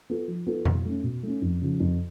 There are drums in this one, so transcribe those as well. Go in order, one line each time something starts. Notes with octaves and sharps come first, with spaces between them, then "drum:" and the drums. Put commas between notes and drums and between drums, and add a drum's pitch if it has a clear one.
B3 F4 A4
F3
B3 F4 A4
B2, drum: tom F2
A3 C#4
B2
A3 C#4
F2
C#3 F3
F2